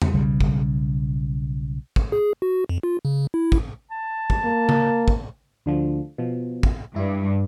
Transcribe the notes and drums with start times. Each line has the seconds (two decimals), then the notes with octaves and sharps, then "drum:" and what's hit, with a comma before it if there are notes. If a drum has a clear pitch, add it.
0.02 drum: tom E2
0.13 B1 C#3 G3
0.40 drum: kick
1.96 drum: kick
2.12 G#4
2.42 F#4
2.69 F2
2.83 F4
3.05 C#3
3.34 E4
3.52 drum: kick
3.91 A5
4.30 drum: kick
4.44 A#3
4.69 drum: tom C#3
5.08 drum: kick
5.66 D2 D3 F3
6.18 B2 F3
6.63 drum: kick
6.96 G2 E4